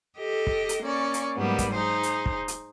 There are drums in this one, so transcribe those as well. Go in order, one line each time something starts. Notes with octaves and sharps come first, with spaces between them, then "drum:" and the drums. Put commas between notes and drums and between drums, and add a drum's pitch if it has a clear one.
G4 A4 D#5
drum: kick
drum: hi-hat
A#3 C#4 D5 C#6
drum: hi-hat
G#2 F#3 G3 A#3 B3
drum: kick, hi-hat
D#4 G#4 C5
drum: hi-hat
drum: kick
drum: hi-hat